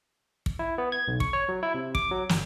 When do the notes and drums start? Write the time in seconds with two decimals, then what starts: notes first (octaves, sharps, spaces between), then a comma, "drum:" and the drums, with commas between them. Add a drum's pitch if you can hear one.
0.46 drum: kick
0.59 E4
0.78 B3
0.92 G#6
1.08 B1
1.20 C#6, drum: kick
1.33 C#5
1.49 F#3
1.63 E4
1.74 C3
1.95 D6, drum: kick
2.11 F#3
2.29 G1, drum: snare